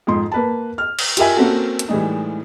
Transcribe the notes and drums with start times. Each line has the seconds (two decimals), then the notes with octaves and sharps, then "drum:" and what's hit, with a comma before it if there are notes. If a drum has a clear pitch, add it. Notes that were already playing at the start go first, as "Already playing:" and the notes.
0.07 F2 G#2 C6
0.32 A#3 B4 A5
0.78 F6
0.99 drum: cymbal
1.17 F4 G4 A#4 E5 G#5, drum: hi-hat
1.36 A#3 C4 C#4 F#4 A4
1.79 drum: hi-hat
1.89 A2 E3 G3 G#3 D#4